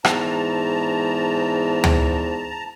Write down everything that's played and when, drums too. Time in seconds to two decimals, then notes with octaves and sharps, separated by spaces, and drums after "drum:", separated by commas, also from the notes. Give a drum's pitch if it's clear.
0.05 E2 G#2 A5 A#5, drum: rim click
1.84 drum: tom D2